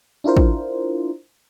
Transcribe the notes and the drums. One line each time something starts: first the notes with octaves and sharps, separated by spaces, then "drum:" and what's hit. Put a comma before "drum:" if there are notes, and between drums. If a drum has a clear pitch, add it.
D4 E4 F4 A#4 C5
drum: kick